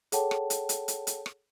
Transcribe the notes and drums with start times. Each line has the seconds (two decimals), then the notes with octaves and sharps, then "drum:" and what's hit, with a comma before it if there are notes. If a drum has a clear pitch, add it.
0.12 G#4 A4 C#5 F#5 G5 A5, drum: hi-hat
0.31 drum: rim click
0.50 drum: hi-hat
0.69 drum: hi-hat
0.88 drum: hi-hat
1.07 drum: hi-hat
1.26 drum: rim click